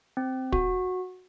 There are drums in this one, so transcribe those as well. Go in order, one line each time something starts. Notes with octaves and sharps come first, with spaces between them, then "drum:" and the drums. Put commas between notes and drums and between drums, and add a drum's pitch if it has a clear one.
C4
F#4, drum: kick